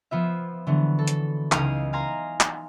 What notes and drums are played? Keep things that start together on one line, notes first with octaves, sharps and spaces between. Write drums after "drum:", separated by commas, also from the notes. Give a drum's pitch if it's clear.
F3 B3 F4 E5
D3 E3 F#3 B3
A4
drum: hi-hat
C#2 D#4 E4 F5 D#6 G#6, drum: clap
F5 G#5 A#5 C6
drum: clap